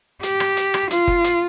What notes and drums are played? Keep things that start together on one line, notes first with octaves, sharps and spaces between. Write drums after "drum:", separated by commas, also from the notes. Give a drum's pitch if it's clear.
G4, drum: hi-hat
drum: rim click
drum: hi-hat
drum: rim click
F4, drum: hi-hat
drum: kick F#1
drum: hi-hat